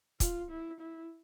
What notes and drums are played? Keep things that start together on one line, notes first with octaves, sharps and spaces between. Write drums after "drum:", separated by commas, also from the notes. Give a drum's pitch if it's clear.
F4, drum: kick, hi-hat
E4
E4